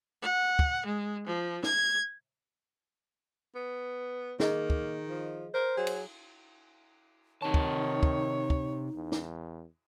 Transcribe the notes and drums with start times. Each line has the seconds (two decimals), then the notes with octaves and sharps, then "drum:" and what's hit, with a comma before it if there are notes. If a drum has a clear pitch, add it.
0.22 F#5
0.59 drum: kick
0.84 G#3
1.26 F3
1.63 G#6, drum: snare
3.55 B3
4.40 D#3 A#3 G#4 D#5, drum: snare
4.70 drum: kick
5.08 F3
5.54 A#4 C5
5.77 F#3 G#4
5.87 drum: cymbal
7.42 C3 D#3 D#4 C#5 A5
7.54 drum: kick
8.03 drum: kick
8.50 drum: kick
8.95 E2
9.12 drum: snare